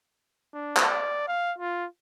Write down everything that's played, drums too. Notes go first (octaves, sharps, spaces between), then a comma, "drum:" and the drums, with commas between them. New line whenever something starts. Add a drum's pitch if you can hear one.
D4
drum: clap
D5
F5
F4